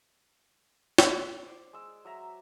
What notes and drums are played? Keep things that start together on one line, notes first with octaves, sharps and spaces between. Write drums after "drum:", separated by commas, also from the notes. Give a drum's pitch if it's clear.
drum: snare
C5 D5
G#3 E6
F#3 E5 A#5